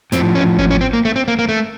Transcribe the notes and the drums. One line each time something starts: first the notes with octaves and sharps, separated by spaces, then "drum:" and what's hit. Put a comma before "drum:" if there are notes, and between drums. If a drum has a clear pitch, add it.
A2 F3 C4, drum: snare
C#4
C#4, drum: kick G#1
C#4
C4
A#3
A3
C4
A#3
A#3
A3